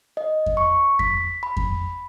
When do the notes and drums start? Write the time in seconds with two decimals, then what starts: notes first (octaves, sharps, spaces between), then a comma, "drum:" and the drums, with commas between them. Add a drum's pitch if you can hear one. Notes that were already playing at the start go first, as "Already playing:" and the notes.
0.17 D#5
0.46 drum: kick F2
0.57 C#6
0.99 B6, drum: kick F2
1.43 B5
1.57 drum: kick F2